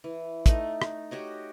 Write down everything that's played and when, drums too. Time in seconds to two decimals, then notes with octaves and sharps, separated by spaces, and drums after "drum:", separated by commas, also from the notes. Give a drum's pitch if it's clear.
0.04 E3
0.46 A3 D#4, drum: kick, hi-hat
0.82 drum: rim click
1.11 F#4 G4 C#5 D#5